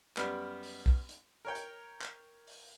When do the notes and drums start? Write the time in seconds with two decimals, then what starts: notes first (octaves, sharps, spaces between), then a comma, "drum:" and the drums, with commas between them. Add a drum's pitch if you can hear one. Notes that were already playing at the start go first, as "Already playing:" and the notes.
0.17 F#2 G3 B3 F6, drum: clap
0.63 drum: open hi-hat
0.86 drum: kick
1.09 drum: hi-hat
1.45 A#4 C#5 G5
1.55 drum: hi-hat
2.01 drum: clap
2.47 drum: open hi-hat